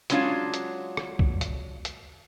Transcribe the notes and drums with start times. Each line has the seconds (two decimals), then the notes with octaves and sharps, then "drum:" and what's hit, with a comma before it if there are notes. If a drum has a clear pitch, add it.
0.10 F#3 G#3 C#4 D4 F4, drum: hi-hat
0.54 drum: hi-hat
0.97 drum: rim click
1.19 drum: kick B1
1.41 drum: hi-hat
1.85 drum: hi-hat